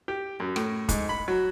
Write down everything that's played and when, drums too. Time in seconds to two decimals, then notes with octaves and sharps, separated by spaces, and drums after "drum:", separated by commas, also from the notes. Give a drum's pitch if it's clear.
0.08 G4
0.40 F#2
0.56 A2, drum: rim click
0.89 G#2, drum: kick, hi-hat
1.09 B5
1.28 F#3